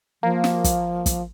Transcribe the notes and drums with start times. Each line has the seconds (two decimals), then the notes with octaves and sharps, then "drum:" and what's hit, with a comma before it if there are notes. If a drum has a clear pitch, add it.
0.23 F3 A#3
0.44 drum: snare
0.64 drum: kick, hi-hat
1.06 drum: kick, hi-hat